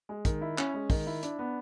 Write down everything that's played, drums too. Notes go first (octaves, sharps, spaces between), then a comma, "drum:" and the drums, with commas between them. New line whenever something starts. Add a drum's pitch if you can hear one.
G#3
D#3, drum: kick, hi-hat
E4
C#4, drum: clap
G#3
D#3, drum: kick, open hi-hat
E4
D4, drum: hi-hat
B3